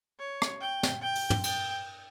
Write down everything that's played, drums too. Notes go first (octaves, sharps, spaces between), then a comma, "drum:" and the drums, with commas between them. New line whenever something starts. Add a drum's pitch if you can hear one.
C#5
drum: rim click
G5
drum: snare
G5
drum: open hi-hat
drum: tom
G5, drum: cymbal